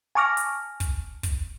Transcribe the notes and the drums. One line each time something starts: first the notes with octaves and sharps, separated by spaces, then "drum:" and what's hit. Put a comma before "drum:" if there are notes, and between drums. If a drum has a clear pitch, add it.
G#5 A5 C#6 D6 F6 A#6
drum: hi-hat
drum: kick, hi-hat
drum: kick, hi-hat